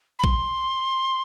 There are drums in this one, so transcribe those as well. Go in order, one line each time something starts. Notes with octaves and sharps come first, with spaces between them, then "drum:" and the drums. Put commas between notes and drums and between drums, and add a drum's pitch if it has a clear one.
B5
C6, drum: kick A1